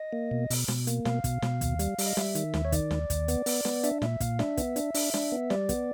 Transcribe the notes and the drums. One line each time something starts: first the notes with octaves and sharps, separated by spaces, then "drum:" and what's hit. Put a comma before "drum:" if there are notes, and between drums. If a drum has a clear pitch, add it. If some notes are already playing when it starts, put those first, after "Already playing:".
Already playing: D#5
A#3
B2
B2, drum: open hi-hat
B2, drum: snare
A#3, drum: hi-hat
B2 F5, drum: snare
B2, drum: kick, hi-hat
B2, drum: snare
D#2, drum: kick, hi-hat
G3, drum: hi-hat
G3, drum: open hi-hat
D#5
G3 E5, drum: snare
D#3, drum: hi-hat
D#2, drum: snare
C#5
D#3 D5, drum: kick, hi-hat
D#2, drum: snare
D#2, drum: kick, hi-hat
B3, drum: hi-hat
B3, drum: open hi-hat
B3, drum: snare
D4 E5, drum: hi-hat
A#2 E5, drum: snare
A#2 F5, drum: kick, hi-hat
D4 E5, drum: snare
B3, drum: kick, hi-hat
D4, drum: hi-hat
D4, drum: open hi-hat
D4, drum: snare
B3
G3 D5, drum: snare
B3, drum: kick, hi-hat